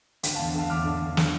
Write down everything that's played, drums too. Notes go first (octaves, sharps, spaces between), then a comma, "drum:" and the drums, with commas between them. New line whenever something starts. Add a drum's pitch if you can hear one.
D3 G5, drum: hi-hat
F5 A5
E2
D3 F5 A5
E2 D6 F6
D3
E2
D3, drum: snare